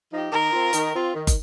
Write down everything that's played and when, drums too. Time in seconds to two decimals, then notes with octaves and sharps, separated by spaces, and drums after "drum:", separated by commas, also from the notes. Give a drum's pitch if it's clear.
0.12 F3 D#4 G4
0.32 D#3 A#4
0.52 C4 F4
0.73 D#3, drum: hi-hat
0.94 C4 F4
1.14 D#3
1.27 drum: kick, hi-hat